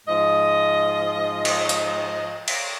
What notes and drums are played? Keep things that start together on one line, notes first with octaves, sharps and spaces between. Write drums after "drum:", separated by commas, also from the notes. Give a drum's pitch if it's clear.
G#2 F3 D#5
drum: cymbal
drum: hi-hat
drum: cymbal